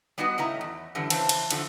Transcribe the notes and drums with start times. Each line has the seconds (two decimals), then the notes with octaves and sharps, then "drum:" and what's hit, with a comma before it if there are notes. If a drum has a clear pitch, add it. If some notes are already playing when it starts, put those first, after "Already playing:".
0.18 G3 B3 D#4 F#4 D#5
0.38 A2 C#3 E4 D#5 E5 A#5
0.61 E2
0.95 F#2 D3 E3 G3
1.10 C#3 E3 C5 A5, drum: cymbal
1.29 drum: cymbal
1.51 E2 D3 F3, drum: cymbal